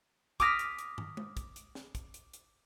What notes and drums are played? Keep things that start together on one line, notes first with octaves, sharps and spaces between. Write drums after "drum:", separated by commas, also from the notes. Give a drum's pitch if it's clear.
D6 D#6 F6 A#6 B6, drum: kick, hi-hat
drum: hi-hat
drum: hi-hat
drum: tom
drum: tom G#3
drum: kick, hi-hat
drum: hi-hat
drum: snare
drum: kick, hi-hat
drum: hi-hat
drum: hi-hat